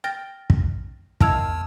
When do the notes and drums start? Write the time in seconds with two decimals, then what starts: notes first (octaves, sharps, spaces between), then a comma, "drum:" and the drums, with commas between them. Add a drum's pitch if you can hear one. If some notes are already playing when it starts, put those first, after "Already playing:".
0.04 G5 F6 A6 A#6
0.50 drum: kick
1.21 E2 D#3 E4 F5 A5 E6 G#6, drum: kick